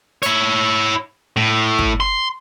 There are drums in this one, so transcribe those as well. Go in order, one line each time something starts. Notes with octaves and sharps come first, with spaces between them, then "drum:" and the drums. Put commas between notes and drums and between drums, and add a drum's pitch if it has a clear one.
E4 C#5, drum: hi-hat
A2
drum: kick
C6